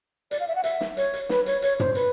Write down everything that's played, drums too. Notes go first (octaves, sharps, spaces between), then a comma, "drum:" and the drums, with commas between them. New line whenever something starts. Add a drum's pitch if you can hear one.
D5, drum: hi-hat
F5
E5
F#5
E5, drum: hi-hat
drum: snare
C#5, drum: hi-hat
drum: hi-hat
B4, drum: snare
C#5, drum: hi-hat
C#5, drum: hi-hat
C5, drum: tom
B4, drum: hi-hat